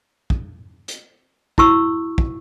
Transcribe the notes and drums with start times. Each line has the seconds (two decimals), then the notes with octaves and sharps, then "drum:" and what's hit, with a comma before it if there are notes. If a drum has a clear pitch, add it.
0.30 drum: kick
0.88 drum: hi-hat
1.58 E4 F#4 C#6 E6, drum: kick
2.18 drum: kick